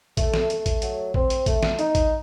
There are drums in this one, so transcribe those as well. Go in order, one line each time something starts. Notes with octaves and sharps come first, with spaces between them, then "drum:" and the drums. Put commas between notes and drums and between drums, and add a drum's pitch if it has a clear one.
A3, drum: kick A1, hi-hat
drum: snare
A3, drum: hi-hat
drum: kick A1, hi-hat
F#3, drum: hi-hat
C4, drum: kick A1
drum: hi-hat
A3, drum: kick A1, hi-hat
drum: snare
D#4, drum: hi-hat
drum: kick A1, hi-hat